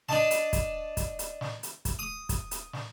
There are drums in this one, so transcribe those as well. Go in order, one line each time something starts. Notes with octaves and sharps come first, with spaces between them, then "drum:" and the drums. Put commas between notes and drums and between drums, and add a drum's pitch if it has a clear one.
D4 D#5 A5, drum: snare
drum: hi-hat
drum: kick, hi-hat
drum: kick, hi-hat
drum: hi-hat
drum: snare
drum: hi-hat
drum: kick, hi-hat
D#6
drum: kick, hi-hat
drum: hi-hat
drum: snare